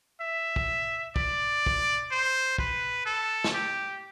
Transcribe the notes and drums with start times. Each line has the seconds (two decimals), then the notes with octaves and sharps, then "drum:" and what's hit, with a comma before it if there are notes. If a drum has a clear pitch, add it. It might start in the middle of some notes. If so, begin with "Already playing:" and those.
0.21 E5
0.56 drum: kick
1.16 D5, drum: kick
1.66 drum: kick
2.11 C5
2.58 B4, drum: kick
3.06 A4
3.44 drum: snare
3.54 G4